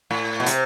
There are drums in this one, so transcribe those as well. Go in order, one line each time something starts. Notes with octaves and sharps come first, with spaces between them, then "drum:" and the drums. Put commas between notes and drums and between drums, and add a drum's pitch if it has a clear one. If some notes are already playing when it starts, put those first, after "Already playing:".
A2
B2
C3, drum: hi-hat